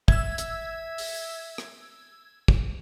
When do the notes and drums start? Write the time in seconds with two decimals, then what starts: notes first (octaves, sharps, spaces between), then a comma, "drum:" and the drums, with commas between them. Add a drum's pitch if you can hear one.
0.08 E5 E6 G#6, drum: kick
0.38 drum: hi-hat
0.98 drum: open hi-hat
1.58 drum: rim click
2.48 drum: kick